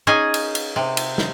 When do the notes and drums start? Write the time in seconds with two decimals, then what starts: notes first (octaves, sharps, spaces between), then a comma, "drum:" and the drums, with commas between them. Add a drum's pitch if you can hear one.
0.07 C#4 D#4 G#4 D#5 G#5
0.34 drum: cymbal
0.55 drum: cymbal
0.76 C3
0.97 drum: cymbal
1.18 drum: snare